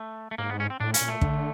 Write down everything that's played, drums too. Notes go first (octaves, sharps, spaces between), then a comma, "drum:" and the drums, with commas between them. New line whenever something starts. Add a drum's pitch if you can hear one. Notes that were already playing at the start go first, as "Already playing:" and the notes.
Already playing: A3
A3
G#2 A#3
B3
C#4
C4
A2 D4
C#4, drum: hi-hat
A#2
A3
D3, drum: kick